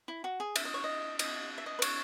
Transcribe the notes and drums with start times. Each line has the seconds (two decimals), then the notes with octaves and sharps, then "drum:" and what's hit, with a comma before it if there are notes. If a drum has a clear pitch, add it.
0.08 E4
0.24 F#4
0.40 G#4
0.56 E5, drum: cymbal
0.65 D#5
0.74 C#5
0.84 D#5
1.19 D#5, drum: cymbal
1.58 E5
1.66 D#5
1.79 B4
1.82 C#5, drum: cymbal